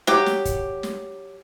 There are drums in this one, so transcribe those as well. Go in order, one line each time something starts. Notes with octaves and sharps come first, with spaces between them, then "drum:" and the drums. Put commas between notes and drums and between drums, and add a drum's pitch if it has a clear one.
F#3 G4, drum: snare
drum: snare
drum: kick, hi-hat
drum: snare